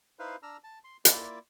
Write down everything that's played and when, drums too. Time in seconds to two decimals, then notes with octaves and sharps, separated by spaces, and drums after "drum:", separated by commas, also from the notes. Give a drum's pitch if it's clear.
0.19 D#4 E4 B4 C5 F5
0.43 D4 A#5 E6 F6
0.64 A5
0.84 C6
1.05 A#3 E4 F4 D5, drum: hi-hat